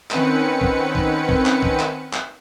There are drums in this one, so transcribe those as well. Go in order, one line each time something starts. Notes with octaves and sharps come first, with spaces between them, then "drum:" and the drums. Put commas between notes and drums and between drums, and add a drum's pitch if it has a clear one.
D#3 C4 C#4 B4 F#5 C#7, drum: clap
drum: kick
drum: kick
drum: kick
drum: clap
drum: kick
drum: clap
drum: clap